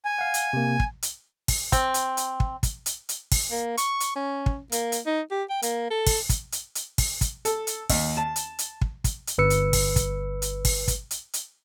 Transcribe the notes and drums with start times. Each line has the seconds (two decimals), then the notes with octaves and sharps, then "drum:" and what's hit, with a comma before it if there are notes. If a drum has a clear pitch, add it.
0.05 G#5
0.19 F5 F#5
0.34 drum: hi-hat
0.53 C3 A#3
0.80 drum: kick
1.02 drum: hi-hat
1.48 drum: kick, open hi-hat
1.72 C4, drum: kick, hi-hat
1.94 drum: hi-hat
2.17 drum: hi-hat
2.40 drum: kick
2.63 drum: kick, hi-hat
2.86 drum: hi-hat
3.09 drum: hi-hat
3.32 drum: kick, open hi-hat
3.51 A#3
3.77 C#6, drum: hi-hat
4.00 drum: hi-hat
4.16 C#4
4.46 drum: kick
4.72 A#3, drum: hi-hat
4.92 drum: hi-hat
5.06 D#4
5.31 G4
5.49 G5
5.62 A#3, drum: hi-hat
5.91 A4
6.07 drum: kick, open hi-hat
6.29 drum: kick, hi-hat
6.52 drum: hi-hat
6.75 drum: hi-hat
6.98 drum: kick, open hi-hat
7.21 drum: kick, hi-hat
7.45 A4, drum: hi-hat
7.67 drum: hi-hat
7.90 D#2, drum: kick, open hi-hat
8.17 A5
8.36 drum: hi-hat
8.59 drum: hi-hat
8.81 drum: kick
9.04 drum: kick, hi-hat
9.27 drum: hi-hat
9.38 G1 B4 E6 C#7
9.50 drum: hi-hat
9.73 drum: kick, open hi-hat
9.96 drum: kick, hi-hat
10.42 drum: hi-hat
10.65 drum: kick, open hi-hat
10.88 drum: kick, hi-hat
11.11 drum: hi-hat
11.33 drum: hi-hat